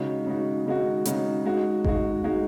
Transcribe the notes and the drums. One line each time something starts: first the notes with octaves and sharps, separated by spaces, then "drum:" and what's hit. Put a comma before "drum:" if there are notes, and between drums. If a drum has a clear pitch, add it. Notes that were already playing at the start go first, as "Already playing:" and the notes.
Already playing: C#3 G#3 D#4 F#4
C#3 G#3 D#4 F#4
C#3 G#3 D#4 F#4
C#3 G#3 D#4 F#4, drum: hi-hat
G#3 D#4 F#4
G#3 D#4 F#4, drum: kick G#1
G#3 D#4 F#4